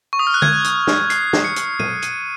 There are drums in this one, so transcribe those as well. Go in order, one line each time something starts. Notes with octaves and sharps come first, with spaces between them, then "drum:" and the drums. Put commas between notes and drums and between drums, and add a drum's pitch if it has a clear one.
C#6
D#6
F6
F#6
G#6, drum: tom D3
drum: hi-hat
drum: snare
C7, drum: hi-hat
drum: snare
C#7
drum: hi-hat
D#7, drum: tom A#2
D#7, drum: hi-hat